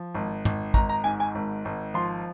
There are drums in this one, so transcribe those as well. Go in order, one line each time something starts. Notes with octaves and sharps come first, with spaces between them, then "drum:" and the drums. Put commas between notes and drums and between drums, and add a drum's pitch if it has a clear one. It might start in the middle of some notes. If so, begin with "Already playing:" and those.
Already playing: F3
G#1
G#1, drum: tom
G#1 A#5, drum: kick A1
A#5
G#2 G#5
G#5
G#1
G#1
F3 C6